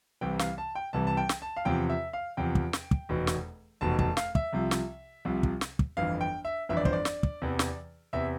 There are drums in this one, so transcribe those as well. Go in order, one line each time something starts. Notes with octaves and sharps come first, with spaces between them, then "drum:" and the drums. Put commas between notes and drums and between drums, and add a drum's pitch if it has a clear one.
C2 C3 E3 G5
F5, drum: snare
A5
G5
C2 C3 E3 A5
A5
G5
drum: snare
A5
F5
E2 C3 F3 G5
E5
F5
E2 C3 F3 G5
drum: kick
drum: snare
drum: kick
F1 E2 B2
drum: snare
F1 E2 B2 A5
A5, drum: kick
F5, drum: snare
E5, drum: kick
C2 C3 F3
drum: snare
C2 C3 F3
drum: kick
drum: snare
drum: kick
G1 F2 E3 F5
G5
E5
G1 F2 E3 E5
D5
C5, drum: kick
D5
drum: snare
drum: kick
E2 C3 E3
drum: snare
E2 C3 E3 E5